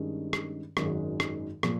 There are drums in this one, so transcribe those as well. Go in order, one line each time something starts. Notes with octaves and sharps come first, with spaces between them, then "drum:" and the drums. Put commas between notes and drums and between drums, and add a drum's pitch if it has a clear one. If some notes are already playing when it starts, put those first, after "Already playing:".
Already playing: G2 D#3 G#3 C#4
drum: rim click
G#1 F#2 D#3 G#3, drum: rim click
drum: rim click
A#2 F3, drum: rim click